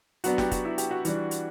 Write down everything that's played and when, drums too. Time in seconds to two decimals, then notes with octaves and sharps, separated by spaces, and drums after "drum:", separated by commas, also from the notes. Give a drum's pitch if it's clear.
0.24 F#3 B3 D4 F#4, drum: hi-hat
0.38 G4, drum: snare
0.51 F#4, drum: kick, hi-hat
0.65 E4
0.78 G4, drum: hi-hat
0.91 F#4
1.05 E3 G3 D4, drum: hi-hat
1.31 drum: hi-hat